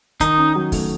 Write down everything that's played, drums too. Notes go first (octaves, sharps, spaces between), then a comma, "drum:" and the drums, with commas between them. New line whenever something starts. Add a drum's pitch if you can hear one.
D#3 D#4, drum: kick, hi-hat
C#4
F#3
A3, drum: kick, open hi-hat